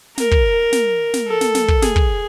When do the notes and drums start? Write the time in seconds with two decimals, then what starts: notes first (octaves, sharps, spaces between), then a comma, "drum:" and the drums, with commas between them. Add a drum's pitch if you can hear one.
0.18 A#4, drum: snare
0.31 drum: kick
0.72 drum: snare
1.14 drum: snare
1.27 A4
1.41 drum: snare
1.55 drum: snare
1.68 drum: kick
1.82 G#4, drum: snare
1.96 drum: kick